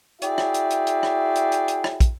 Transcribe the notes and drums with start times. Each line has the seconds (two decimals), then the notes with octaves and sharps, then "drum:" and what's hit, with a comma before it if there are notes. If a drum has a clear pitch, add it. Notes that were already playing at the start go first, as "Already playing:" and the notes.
0.22 E4 F#4 G#4 D5 E5 G5, drum: hi-hat
0.38 drum: rim click
0.54 drum: hi-hat
0.70 drum: hi-hat
0.87 drum: hi-hat
1.03 drum: rim click
1.35 drum: hi-hat
1.52 drum: hi-hat
1.68 drum: hi-hat
1.84 drum: rim click
2.00 drum: kick, hi-hat